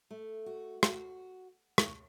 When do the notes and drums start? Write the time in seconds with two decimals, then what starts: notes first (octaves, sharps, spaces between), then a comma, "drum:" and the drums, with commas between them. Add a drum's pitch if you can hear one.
0.11 A3
0.46 F#4
0.83 F#4, drum: rim click
1.78 drum: rim click